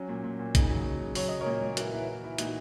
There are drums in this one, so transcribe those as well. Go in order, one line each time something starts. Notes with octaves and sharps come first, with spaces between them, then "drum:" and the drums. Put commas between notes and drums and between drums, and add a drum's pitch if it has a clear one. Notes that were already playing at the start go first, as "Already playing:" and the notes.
Already playing: F#3 C#4
A#2
A#2
A#2
C#3 D#4, drum: kick A1, hi-hat
F#3
F#3
C#3
F#3 C#5, drum: open hi-hat
F#3 D#5
A#4 C#5
A#2
A#2
E3 F#4 A#4, drum: hi-hat
E3
E3
E3
A#2 D#4 F#4, drum: hi-hat